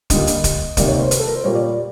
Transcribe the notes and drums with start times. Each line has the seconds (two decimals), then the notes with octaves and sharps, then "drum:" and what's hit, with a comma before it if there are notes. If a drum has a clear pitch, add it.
0.10 D3 G3 A#3 D#5, drum: kick, hi-hat
0.27 drum: hi-hat
0.44 drum: kick, hi-hat
0.77 C3 D#3 G3 A#3 D5, drum: kick, hi-hat
0.88 C#5
0.99 C5
1.11 B4, drum: hi-hat
1.20 A4
1.28 A#4
1.36 C5
1.44 A#2 G3 A#3 C#5
1.55 D5
1.67 D5